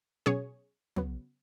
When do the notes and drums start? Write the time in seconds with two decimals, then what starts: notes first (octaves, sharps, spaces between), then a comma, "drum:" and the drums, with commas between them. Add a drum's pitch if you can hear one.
0.26 B2 F#3 C#4 G#4 C#5
0.96 C#3 F#3 B3, drum: tom